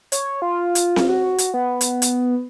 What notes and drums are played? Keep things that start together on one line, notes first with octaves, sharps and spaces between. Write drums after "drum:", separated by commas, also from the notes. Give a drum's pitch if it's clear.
C#5, drum: hi-hat
F4
drum: hi-hat
drum: snare C4
F#4
drum: hi-hat
B3
drum: hi-hat
drum: hi-hat